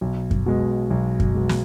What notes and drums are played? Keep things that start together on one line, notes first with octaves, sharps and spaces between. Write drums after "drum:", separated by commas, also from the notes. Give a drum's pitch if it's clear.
B1
drum: kick F#2
B2 G#3
B1
drum: kick F#2
B2 G#3
drum: snare